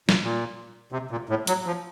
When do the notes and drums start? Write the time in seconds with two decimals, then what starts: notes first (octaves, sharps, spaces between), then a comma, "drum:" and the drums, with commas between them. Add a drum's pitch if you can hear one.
0.09 A#2, drum: snare
0.23 A#2
0.92 C3
1.11 A#2
1.29 A2
1.47 F#3, drum: hi-hat
1.67 F3